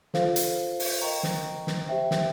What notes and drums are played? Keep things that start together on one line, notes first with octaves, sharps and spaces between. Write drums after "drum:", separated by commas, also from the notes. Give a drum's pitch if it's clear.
F4 A4 C5 F5, drum: snare
drum: hi-hat
drum: open hi-hat
A#4 D#5 G5 A#5 C#6
drum: snare
drum: snare
G4 C5 E5 G5
drum: snare